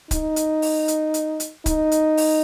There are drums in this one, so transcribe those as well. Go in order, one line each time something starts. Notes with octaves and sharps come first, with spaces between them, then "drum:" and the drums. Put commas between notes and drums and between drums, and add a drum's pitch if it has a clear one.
D#4, drum: kick C#1, hi-hat
drum: hi-hat
drum: open hi-hat
drum: hi-hat
drum: hi-hat
drum: hi-hat
D#4, drum: kick C#1, hi-hat
drum: hi-hat
drum: open hi-hat